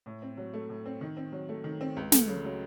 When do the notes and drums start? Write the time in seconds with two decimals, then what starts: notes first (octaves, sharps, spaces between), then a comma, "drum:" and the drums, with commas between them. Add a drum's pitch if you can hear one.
0.06 A2
0.22 C4
0.37 F#3
0.53 A3
0.69 A2
0.86 C4
1.01 D#3
1.17 C4
1.32 F#3
1.49 A3
1.64 D#3
1.81 C4
1.97 C#2
2.12 A3, drum: snare
2.28 C#3
2.45 F#3